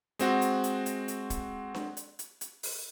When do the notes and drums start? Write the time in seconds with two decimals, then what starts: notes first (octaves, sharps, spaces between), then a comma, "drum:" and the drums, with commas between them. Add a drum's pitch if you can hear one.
0.19 G#3 C4 F#4, drum: hi-hat
0.42 drum: hi-hat
0.64 drum: hi-hat
0.86 drum: hi-hat
1.08 drum: hi-hat
1.30 drum: kick, hi-hat
1.75 drum: snare D4
1.97 drum: hi-hat
2.19 drum: hi-hat
2.41 drum: hi-hat
2.63 drum: open hi-hat